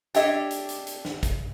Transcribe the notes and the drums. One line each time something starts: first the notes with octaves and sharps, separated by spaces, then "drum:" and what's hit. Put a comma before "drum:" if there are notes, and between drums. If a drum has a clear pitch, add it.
D4 G4 C#5 D#5 E5, drum: hi-hat
drum: hi-hat
drum: hi-hat
drum: hi-hat
drum: snare
drum: kick, hi-hat